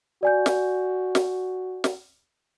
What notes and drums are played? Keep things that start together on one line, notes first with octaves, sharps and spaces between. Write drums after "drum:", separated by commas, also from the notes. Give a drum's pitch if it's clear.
F#4 D5 G#5 G6
drum: snare
drum: snare
drum: snare